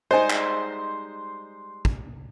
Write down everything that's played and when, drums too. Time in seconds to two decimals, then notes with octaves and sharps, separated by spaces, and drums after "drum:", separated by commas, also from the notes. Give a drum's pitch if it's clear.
0.11 G3 G#3 D#4 C5 D#5 G#5 C6
0.30 drum: clap
1.85 drum: kick